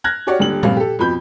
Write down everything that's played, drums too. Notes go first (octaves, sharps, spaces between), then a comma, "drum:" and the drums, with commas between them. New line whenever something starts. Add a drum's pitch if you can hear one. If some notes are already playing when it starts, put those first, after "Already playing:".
F6 F#6 G#6 A#6
F#4 G4 C#5 D5 F#5
D#1 D3 G4 F#7
D2 G2 C3 F5, drum: tom A#2
G4 A4
F2 B2 B5 G6